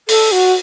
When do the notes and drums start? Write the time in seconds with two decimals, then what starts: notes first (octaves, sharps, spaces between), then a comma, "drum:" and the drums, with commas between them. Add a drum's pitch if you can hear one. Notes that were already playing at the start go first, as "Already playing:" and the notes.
0.08 A4, drum: open hi-hat
0.32 F#4